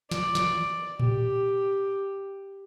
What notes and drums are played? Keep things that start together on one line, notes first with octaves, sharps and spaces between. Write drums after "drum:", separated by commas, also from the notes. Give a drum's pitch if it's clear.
D5, drum: snare
drum: snare
G4, drum: tom A2